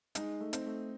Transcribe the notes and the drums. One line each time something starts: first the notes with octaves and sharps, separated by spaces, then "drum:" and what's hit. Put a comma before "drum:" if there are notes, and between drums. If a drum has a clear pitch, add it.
G#3 D#4, drum: hi-hat
A3
C4, drum: hi-hat
A3